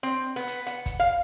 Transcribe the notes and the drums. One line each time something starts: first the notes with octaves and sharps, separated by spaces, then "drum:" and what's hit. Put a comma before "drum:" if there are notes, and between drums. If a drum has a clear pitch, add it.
C4
B3
drum: hi-hat
F#5, drum: hi-hat
drum: kick, hi-hat
F5